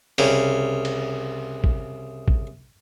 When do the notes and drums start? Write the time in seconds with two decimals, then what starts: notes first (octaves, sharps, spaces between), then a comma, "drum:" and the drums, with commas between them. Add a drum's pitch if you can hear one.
0.18 C2 C#3, drum: open hi-hat
0.85 drum: cymbal
1.64 drum: kick
2.28 drum: kick